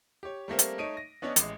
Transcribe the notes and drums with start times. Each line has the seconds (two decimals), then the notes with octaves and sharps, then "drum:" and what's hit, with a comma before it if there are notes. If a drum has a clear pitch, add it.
0.23 G4 C#5
0.48 G3 A3 A#3 C4
0.59 drum: hi-hat
0.78 A3 D#4 C#5 D7 D#7
0.97 A#6
1.22 B3 C#4 D4 C#5 D#5
1.36 A1 G#3, drum: hi-hat